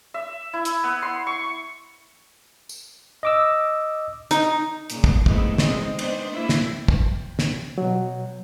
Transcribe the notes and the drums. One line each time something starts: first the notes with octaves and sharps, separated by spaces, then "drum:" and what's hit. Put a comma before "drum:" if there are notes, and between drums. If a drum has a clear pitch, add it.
E5
E4
drum: hi-hat
B3
C6
C#6
drum: tambourine
D#5 D6 E6
D#4, drum: hi-hat
A#2 C#3, drum: hi-hat
drum: kick
G#3 A3 B3 C4 D#4 E4, drum: kick
G#3 C4 D#4, drum: snare
B3 D4 D#4 C5, drum: cymbal
A3 A#3 E4
drum: snare
drum: kick
drum: snare
B2 F#3